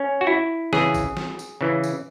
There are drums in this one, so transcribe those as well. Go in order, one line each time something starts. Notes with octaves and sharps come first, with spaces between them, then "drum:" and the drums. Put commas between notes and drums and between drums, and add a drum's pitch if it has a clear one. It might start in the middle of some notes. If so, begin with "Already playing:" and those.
Already playing: C#4
F#4
E4
C#3 E3 G#4, drum: snare
drum: kick A1, tambourine
drum: snare
drum: tambourine
C#3 E3
drum: tambourine